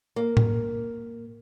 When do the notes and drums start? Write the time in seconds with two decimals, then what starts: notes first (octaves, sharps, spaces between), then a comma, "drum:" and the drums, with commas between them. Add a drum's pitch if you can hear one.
0.16 A#3
0.37 drum: tom A2